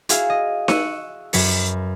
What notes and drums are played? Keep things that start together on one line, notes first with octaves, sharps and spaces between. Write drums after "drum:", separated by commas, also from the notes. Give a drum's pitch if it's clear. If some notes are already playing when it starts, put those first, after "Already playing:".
E4 F#4 G#4 F5, drum: hi-hat
D#5
C#6 E6 F#6 C#7 D#7, drum: snare D#4
F#2 F#3 B4 C#7, drum: open hi-hat